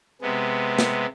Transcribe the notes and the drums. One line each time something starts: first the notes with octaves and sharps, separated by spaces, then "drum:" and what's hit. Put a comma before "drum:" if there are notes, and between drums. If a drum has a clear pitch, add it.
C3 G#3 B3
drum: snare